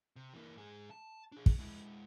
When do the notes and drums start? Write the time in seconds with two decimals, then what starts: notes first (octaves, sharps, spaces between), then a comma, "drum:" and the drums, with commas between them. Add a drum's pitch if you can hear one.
0.16 C3
0.34 E3 A#3
0.56 G#2 G#4
0.90 A5
1.32 D4 G#4
1.46 drum: kick
1.58 G#3 E4